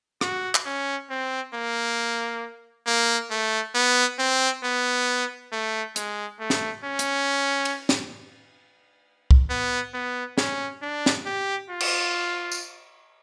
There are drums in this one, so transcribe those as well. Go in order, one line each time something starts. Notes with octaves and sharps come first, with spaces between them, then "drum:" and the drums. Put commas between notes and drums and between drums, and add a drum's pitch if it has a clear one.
F#4, drum: rim click
drum: clap
C#4
C4
A#3
A#3
A3
B3
C4
B3
A3
G#3, drum: hi-hat
A3
drum: snare
C#4
drum: hi-hat
drum: cymbal
drum: snare
drum: kick C2
B3
B3
C#4, drum: snare
D4
drum: snare
G4
F4
drum: cymbal
drum: tambourine